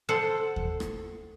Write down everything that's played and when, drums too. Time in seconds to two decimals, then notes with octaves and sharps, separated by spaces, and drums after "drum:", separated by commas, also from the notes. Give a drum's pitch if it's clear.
0.09 A4 C5 F#5
0.56 drum: kick D#2
0.80 drum: rim click